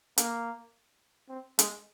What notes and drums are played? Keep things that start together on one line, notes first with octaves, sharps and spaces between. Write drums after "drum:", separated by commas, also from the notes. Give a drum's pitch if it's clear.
A#3, drum: hi-hat
C4
G#3, drum: hi-hat